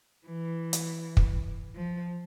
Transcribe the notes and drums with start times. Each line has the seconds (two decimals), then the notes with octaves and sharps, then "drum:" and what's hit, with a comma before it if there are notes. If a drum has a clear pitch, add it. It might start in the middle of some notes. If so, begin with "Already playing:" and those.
0.26 E3
0.73 drum: hi-hat
1.17 drum: kick
1.75 F3